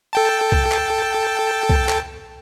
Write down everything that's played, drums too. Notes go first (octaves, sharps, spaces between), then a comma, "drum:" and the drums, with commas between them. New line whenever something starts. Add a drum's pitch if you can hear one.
A4 G5 A5
drum: kick
drum: clap
drum: kick
drum: clap